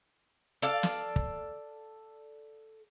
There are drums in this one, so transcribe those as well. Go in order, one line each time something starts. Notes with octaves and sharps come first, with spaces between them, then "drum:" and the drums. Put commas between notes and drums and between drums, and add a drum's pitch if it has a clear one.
A4 D5 F5
drum: snare
drum: kick